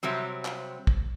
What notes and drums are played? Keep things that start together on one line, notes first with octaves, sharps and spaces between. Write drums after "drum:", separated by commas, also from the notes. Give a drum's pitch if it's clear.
C3 F#3 G3 C4
drum: clap
drum: kick